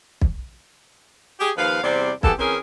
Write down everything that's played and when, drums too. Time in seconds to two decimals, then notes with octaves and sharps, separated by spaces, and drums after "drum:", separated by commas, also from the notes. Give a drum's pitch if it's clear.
0.21 drum: kick
1.40 G4 G#4
1.58 D#2 F3 B4 F5
1.83 E2 C3 G3 C4 D5
2.23 E3 G#3 A#3 B3 G4 A4, drum: kick
2.39 E3 C4 C#4 G#4 A#4